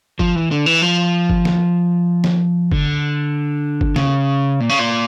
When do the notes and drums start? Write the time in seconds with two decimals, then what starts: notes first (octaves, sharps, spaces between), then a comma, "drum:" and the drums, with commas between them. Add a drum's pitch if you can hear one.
0.19 F3, drum: kick
0.36 E3
0.51 D3
0.66 E3
0.82 F3
1.30 drum: kick
1.45 drum: snare
2.24 drum: snare
2.72 D3, drum: kick
3.81 drum: kick
3.96 C#3, drum: snare
4.60 A#2
4.69 C#3
4.79 A#2